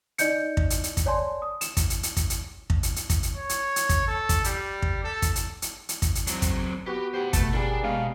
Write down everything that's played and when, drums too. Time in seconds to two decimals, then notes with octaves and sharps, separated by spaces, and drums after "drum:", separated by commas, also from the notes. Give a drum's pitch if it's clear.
0.18 D#4 D5 D#5 G6 C#7, drum: hi-hat
0.57 drum: kick
0.70 drum: hi-hat
0.84 drum: hi-hat
0.97 drum: kick, hi-hat
1.06 C#5 D5 G#5 A5 C6
1.42 D#6
1.61 E7, drum: hi-hat
1.77 drum: kick, hi-hat
1.90 drum: hi-hat
2.03 drum: hi-hat
2.17 drum: kick, hi-hat
2.30 drum: hi-hat
2.70 drum: kick
2.83 drum: hi-hat
2.96 drum: hi-hat
3.10 drum: kick, hi-hat
3.23 drum: hi-hat
3.36 C#5
3.49 drum: hi-hat
3.76 drum: hi-hat
3.89 drum: kick, hi-hat
4.07 A4
4.29 drum: kick, hi-hat
4.44 G3, drum: hi-hat
4.82 drum: kick
5.04 A4
5.22 drum: kick, hi-hat
5.36 drum: hi-hat
5.62 drum: hi-hat
5.89 drum: hi-hat
6.02 drum: kick, hi-hat
6.15 drum: hi-hat
6.27 F#3 C4, drum: hi-hat
6.42 drum: kick, hi-hat
6.86 B3 F#4 G4 B4
7.14 G4 C5 F#5
7.33 G1 B2 A3 B4 A5, drum: kick, hi-hat
7.53 G3 D4 G#4 A#4
7.84 B2 G#3 B3 D#5 F5